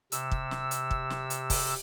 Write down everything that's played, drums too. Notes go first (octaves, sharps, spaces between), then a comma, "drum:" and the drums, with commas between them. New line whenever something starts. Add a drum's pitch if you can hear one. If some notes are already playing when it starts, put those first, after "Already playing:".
C3 E6, drum: hi-hat
drum: kick
drum: snare
drum: hi-hat
drum: kick
drum: snare
drum: hi-hat
drum: kick, open hi-hat